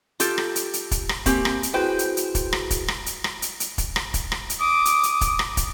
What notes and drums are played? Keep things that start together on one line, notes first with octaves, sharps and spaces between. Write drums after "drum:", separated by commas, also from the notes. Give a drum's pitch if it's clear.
F4 G4 A4, drum: hi-hat
drum: rim click
drum: hi-hat
drum: hi-hat
drum: kick, hi-hat
drum: rim click
A#3 C4 G4 G#5, drum: kick, hi-hat
drum: rim click
drum: hi-hat
E4 F#4 G#4 B4 C5 G5
drum: hi-hat
drum: hi-hat
drum: kick, hi-hat
drum: rim click
drum: kick, hi-hat
drum: rim click
drum: hi-hat
drum: rim click
drum: hi-hat
drum: hi-hat
drum: kick, hi-hat
drum: rim click
drum: kick, hi-hat
drum: rim click
drum: hi-hat
D6 D#6
drum: hi-hat
drum: hi-hat
drum: kick, hi-hat
drum: rim click
drum: kick, hi-hat